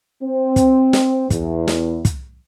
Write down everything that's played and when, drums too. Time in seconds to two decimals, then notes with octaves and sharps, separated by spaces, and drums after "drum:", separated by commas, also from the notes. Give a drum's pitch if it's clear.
0.23 C4
0.56 drum: kick, hi-hat
0.93 drum: snare
1.30 E2, drum: kick, hi-hat
1.68 drum: snare
2.05 drum: kick, hi-hat